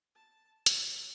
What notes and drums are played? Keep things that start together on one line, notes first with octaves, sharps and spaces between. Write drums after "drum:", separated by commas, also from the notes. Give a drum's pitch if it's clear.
A5
F#3, drum: hi-hat